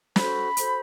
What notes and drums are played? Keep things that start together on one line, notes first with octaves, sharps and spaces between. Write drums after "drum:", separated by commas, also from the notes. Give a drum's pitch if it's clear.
F#4 A4 C5 B5, drum: snare
F#4 A4 C5, drum: hi-hat